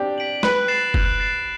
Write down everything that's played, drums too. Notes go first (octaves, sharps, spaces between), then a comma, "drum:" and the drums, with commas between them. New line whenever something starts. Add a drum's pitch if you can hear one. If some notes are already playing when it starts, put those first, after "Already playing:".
Already playing: C4 D4 G4
B6 D7 F#7
B4 F#6, drum: snare
A6 C7 E7
F#6, drum: kick F#1
A6 C7 E7